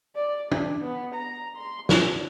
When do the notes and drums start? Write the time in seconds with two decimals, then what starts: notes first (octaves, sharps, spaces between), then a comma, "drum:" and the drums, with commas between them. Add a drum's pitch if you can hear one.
0.15 D5
0.52 D4, drum: tom
0.82 B3
1.15 A#5
1.57 C6
1.89 D4, drum: snare